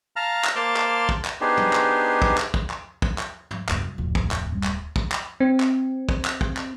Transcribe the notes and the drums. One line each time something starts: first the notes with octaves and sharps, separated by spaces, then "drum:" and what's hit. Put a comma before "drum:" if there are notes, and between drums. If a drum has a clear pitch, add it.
F5 A5 A#5 F6
drum: clap
A#3 C5 A5 C6 D6 F6
drum: clap
drum: kick
drum: clap
B3 D4 D#4 G4 G#4 C5
drum: tom
drum: clap
drum: kick
drum: clap
drum: kick
drum: clap
drum: kick
drum: clap
drum: tom
C2 F#2, drum: clap
D1 C2 F2
drum: kick
drum: clap
F#2 G3
drum: clap
drum: kick
drum: clap
C4
drum: clap
drum: kick
drum: clap
drum: kick
drum: clap